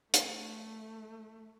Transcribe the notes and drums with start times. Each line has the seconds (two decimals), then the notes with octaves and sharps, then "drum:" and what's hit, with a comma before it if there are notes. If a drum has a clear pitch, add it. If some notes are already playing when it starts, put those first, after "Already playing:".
0.14 A3, drum: hi-hat